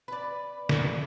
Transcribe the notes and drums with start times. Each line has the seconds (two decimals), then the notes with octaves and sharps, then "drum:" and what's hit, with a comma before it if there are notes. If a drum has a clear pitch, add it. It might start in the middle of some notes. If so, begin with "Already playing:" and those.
0.08 B4 D5
0.69 drum: snare